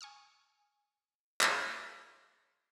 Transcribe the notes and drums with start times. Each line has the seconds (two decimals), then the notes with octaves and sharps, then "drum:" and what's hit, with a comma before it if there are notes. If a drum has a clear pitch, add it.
0.01 G#5 C#6 D#6 F6
1.41 drum: clap